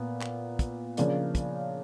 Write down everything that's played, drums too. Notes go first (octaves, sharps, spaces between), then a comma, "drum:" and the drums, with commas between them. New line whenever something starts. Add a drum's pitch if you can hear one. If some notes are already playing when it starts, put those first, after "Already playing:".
Already playing: A#2 B3
drum: clap
drum: kick, hi-hat
C#3 F3 A#3 D4, drum: hi-hat
drum: kick, hi-hat